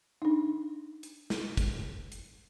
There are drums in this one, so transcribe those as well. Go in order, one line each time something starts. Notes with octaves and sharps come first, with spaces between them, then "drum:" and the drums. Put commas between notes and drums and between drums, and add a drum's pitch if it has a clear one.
D4 D#4
drum: hi-hat
drum: snare
drum: kick, hi-hat
drum: hi-hat